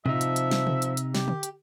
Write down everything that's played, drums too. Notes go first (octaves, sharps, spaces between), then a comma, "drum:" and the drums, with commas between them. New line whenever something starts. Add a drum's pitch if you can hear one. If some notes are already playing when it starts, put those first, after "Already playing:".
C3 F3 D#4 E5, drum: tom A2
drum: hi-hat
drum: hi-hat
drum: snare
drum: tom C3
drum: hi-hat
drum: hi-hat
G4, drum: snare
drum: tom D3
drum: hi-hat